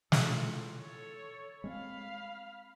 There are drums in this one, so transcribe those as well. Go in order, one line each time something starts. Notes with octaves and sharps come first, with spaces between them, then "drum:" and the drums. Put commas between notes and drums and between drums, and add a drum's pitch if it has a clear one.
E3 F4 A4, drum: snare
A4 C#5
G#3 C4 F5 B5